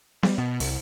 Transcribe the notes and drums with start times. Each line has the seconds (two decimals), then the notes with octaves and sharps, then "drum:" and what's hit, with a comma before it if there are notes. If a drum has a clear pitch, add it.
0.23 G3, drum: snare B3
0.38 B2
0.60 C2, drum: open hi-hat